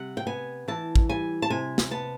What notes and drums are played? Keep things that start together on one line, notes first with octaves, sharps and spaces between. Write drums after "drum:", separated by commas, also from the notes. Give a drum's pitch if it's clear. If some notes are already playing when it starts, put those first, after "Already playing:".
Already playing: C3 G3 F#5
G5
B3 G#5
E3 A5
drum: kick
G3 G#5
A5
C3 G#5
drum: snare
B3 A5